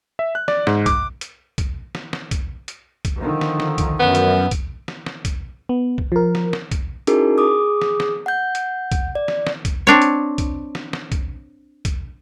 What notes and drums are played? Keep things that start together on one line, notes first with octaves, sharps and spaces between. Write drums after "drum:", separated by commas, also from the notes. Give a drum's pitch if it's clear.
E5
F#6
D5, drum: snare
G#2, drum: snare
D6, drum: kick, hi-hat
drum: hi-hat
drum: kick, hi-hat
drum: snare
drum: snare
drum: kick, hi-hat
drum: hi-hat
drum: kick, hi-hat
D3 D#3 F3
drum: snare
drum: snare
drum: kick, hi-hat
F#2 B3
drum: hi-hat
drum: kick, hi-hat
drum: snare
drum: snare
drum: kick, hi-hat
B3
drum: kick
F3 A#4
drum: snare
drum: snare
drum: kick, hi-hat
C#4 D#4 E4 F#4 G#4 A#4, drum: hi-hat
G#4 D6 D#6
drum: snare
drum: snare
F#5 G6
drum: hi-hat
drum: kick, hi-hat
D5
drum: snare
drum: snare
drum: kick, hi-hat
C4 D4 C#5
drum: hi-hat
drum: kick, hi-hat
drum: snare
drum: snare
drum: kick, hi-hat
drum: kick, hi-hat